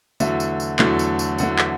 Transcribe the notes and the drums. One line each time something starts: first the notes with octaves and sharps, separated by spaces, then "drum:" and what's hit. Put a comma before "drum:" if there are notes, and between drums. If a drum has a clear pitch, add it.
E2 D3 F#3 A3 E5, drum: tambourine
drum: tambourine
drum: tambourine
E2 D3 F#3 A3, drum: clap
drum: tambourine
drum: tambourine
E2 D3 F#3 A3 F#5, drum: tambourine
drum: clap